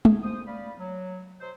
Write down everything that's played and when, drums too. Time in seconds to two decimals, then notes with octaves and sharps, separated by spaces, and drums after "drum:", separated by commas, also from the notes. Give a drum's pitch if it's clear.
0.05 G#4, drum: tom
0.23 C5 D#6
0.46 D5 F5 B5
0.78 F#3
1.41 B2 F#3 C5